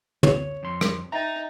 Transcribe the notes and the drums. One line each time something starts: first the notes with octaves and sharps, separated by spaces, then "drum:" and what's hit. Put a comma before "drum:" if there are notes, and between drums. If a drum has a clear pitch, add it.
C#5, drum: tom
F2 C6
drum: rim click
D#4 E5 G5 A#5 A6